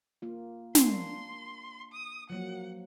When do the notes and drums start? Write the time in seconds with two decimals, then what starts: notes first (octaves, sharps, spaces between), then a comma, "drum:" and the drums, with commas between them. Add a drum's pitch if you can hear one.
0.22 A#3 F4
0.75 A#3 D4 C6, drum: snare
1.92 D#6
2.30 F3 F#3 A#3 F#5